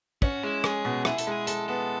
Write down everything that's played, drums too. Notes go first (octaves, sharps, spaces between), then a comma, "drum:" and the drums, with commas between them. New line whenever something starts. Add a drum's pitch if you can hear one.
C#4 F#4, drum: kick
G#3 E4
G#3 G#4, drum: rim click
B2
E4 G#4, drum: rim click
A4, drum: hi-hat
G#3 G#4
G#3 A4, drum: hi-hat
B3 A4